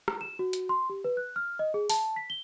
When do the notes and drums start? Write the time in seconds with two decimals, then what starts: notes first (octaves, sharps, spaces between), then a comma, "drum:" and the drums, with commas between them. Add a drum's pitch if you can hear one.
0.08 drum: rim click
0.21 E7
0.39 F#4
0.53 drum: hi-hat
0.69 C6
0.90 G4
1.04 B4
1.17 F#6
1.36 F6
1.59 D#5
1.74 G#4
1.90 A5, drum: open hi-hat
2.16 B6
2.30 G7